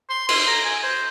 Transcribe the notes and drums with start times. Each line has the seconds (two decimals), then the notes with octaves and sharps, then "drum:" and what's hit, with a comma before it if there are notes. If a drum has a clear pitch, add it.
0.10 C6
0.29 C6, drum: cymbal
0.47 A#5
0.65 G#5
0.83 C5